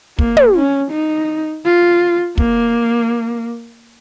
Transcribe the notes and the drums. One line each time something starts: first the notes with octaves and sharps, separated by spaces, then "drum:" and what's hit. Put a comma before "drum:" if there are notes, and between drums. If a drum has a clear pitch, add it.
A#3, drum: kick
drum: tom
C#4
D#4
F4
A#3, drum: kick